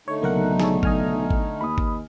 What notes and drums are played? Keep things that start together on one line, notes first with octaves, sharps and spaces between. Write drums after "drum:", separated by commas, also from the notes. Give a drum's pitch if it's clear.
D3 A3 D#4 C#5
B1 C#3 F#3 A#3 A#4 F#5
G#4 A4 C#5, drum: snare
D#5 G#5 F6, drum: kick
drum: kick
D#2 B5 D#6
drum: kick